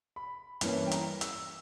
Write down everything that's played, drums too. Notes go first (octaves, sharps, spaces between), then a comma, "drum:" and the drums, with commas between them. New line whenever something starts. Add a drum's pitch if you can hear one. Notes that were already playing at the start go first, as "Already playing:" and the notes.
B5
G2 E3 A#3 C#4, drum: hi-hat
G5
A#5, drum: hi-hat
E6, drum: hi-hat